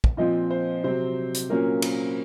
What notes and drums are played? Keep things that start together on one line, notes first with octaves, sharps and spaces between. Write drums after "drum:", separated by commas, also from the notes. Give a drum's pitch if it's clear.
drum: kick
A#2 F3 C4 D#5
C5
C3 F#3 C4 C5
drum: hi-hat
A#2 F#3 A#3 C#4 A#4
A#4, drum: cymbal